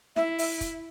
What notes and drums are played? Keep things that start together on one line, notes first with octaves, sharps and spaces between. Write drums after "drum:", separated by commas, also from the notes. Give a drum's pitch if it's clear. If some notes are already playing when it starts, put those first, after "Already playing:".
E4 E5, drum: snare
E5, drum: open hi-hat
drum: kick, hi-hat